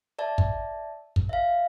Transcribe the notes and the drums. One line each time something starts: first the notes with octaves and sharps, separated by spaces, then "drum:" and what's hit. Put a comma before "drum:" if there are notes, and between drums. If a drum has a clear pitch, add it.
D5 E5 A5
drum: kick
drum: kick
E5 F5